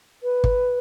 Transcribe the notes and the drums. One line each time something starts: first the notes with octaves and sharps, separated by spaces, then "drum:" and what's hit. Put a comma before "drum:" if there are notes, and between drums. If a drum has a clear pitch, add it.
B4
drum: kick